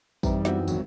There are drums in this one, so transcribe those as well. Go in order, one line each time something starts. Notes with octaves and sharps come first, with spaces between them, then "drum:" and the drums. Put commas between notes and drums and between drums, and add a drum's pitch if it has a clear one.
F#2 C3 E3 G3 D#4, drum: kick, tambourine
E2 C4 F#4 E5, drum: snare
G#1 E2 F#3, drum: tambourine